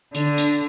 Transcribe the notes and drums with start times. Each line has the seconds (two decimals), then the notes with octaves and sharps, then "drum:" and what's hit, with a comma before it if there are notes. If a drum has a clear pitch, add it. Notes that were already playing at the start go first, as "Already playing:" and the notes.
0.15 D3, drum: hi-hat
0.38 drum: hi-hat